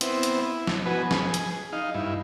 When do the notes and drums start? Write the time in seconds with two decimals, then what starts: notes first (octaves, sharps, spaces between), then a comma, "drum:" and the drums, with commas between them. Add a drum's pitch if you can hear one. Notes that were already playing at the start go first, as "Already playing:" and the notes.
0.01 B3 C4 E4, drum: hi-hat
0.23 drum: hi-hat
0.42 E4
0.67 drum: snare
0.86 B3 F#4 B4 G#5
1.11 G#4, drum: snare
1.34 drum: hi-hat
1.73 D#4 F5
1.94 G2 E4